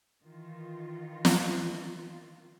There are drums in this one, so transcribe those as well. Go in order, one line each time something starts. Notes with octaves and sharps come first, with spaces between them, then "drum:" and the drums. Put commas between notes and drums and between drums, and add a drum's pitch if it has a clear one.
D#3 E3 F4
drum: snare